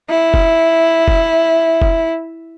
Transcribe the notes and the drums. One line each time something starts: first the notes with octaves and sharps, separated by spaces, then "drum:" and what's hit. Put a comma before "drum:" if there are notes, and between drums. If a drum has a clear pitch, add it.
E4
drum: kick
drum: kick
drum: kick